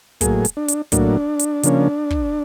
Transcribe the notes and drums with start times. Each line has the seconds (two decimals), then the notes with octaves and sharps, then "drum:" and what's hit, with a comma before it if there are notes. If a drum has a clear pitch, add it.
0.21 A2 F#3 A#3 G#4, drum: kick, hi-hat
0.45 drum: hi-hat
0.57 D4
0.68 drum: hi-hat
0.92 A2 F#3 A#3 D4, drum: kick, hi-hat
1.39 drum: hi-hat
1.63 C#3 F3 A#3 C#4, drum: hi-hat
2.10 drum: kick